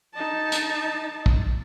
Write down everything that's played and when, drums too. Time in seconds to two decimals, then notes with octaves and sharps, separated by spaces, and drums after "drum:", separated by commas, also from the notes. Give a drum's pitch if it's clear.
0.15 D#4 A5
0.52 drum: hi-hat
1.26 drum: kick